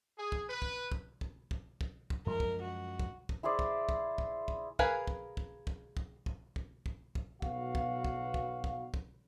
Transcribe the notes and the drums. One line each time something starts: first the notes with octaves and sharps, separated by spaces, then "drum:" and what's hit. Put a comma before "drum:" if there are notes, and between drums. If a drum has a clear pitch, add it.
G#4
drum: kick
B4
drum: kick
drum: kick
drum: kick
drum: kick
drum: kick
drum: kick
F#2 F3 G#3 A#4
drum: kick
F#4
drum: kick
drum: kick
E4 G#4 C5 D5
drum: kick
drum: kick
drum: kick
drum: kick
G#4 A#4 B4 F5 G#5, drum: kick
drum: kick
drum: kick
drum: kick
drum: kick
drum: kick
drum: kick
drum: kick
drum: kick
B1 B2 F#4 F5, drum: kick
drum: kick
drum: kick
drum: kick
drum: kick
drum: kick